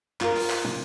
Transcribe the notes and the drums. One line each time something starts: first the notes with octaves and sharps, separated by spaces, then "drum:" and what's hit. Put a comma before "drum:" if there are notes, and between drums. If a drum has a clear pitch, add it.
F4 A#4, drum: clap
drum: open hi-hat
drum: clap
drum: tom